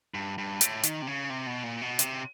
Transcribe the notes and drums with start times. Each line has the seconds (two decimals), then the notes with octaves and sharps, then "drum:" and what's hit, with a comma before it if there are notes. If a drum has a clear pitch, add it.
0.14 G2
0.38 G2
0.61 A2, drum: hi-hat
0.83 D#3, drum: hi-hat
1.02 C3
1.07 C#3
1.30 C3
1.47 B2
1.64 A#2
1.82 B2
1.99 C3, drum: hi-hat